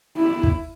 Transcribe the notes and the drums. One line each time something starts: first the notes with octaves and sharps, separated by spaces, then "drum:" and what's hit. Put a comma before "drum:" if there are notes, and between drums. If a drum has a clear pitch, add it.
E4
drum: kick